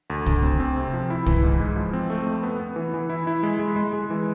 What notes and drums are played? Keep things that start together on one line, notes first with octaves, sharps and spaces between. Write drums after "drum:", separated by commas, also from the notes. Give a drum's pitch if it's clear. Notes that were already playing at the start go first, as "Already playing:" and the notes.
D2
D2, drum: kick
C4
C4
C3
F3
E4
E3, drum: kick
G#2
G#3
F3
C4
A3
F2
B3
B3
E3
E3
E4
E4
G#3
G#3
G#3
G#3
E3